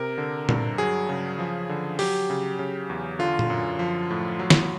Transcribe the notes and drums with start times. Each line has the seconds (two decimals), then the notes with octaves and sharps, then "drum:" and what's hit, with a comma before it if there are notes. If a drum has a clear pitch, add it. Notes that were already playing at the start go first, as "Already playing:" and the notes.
Already playing: C3 A#4
0.18 D3
0.49 G2, drum: tom A#2
0.78 F#3 G#4
1.09 C#3
1.39 F3
1.69 D3
1.99 F#3 G4, drum: open hi-hat
2.30 C#3
2.59 C#3
2.90 E2
3.19 D3 F4
3.39 drum: tom A#2
3.50 F#2
3.79 F3
4.10 A2
4.39 F#3
4.50 drum: snare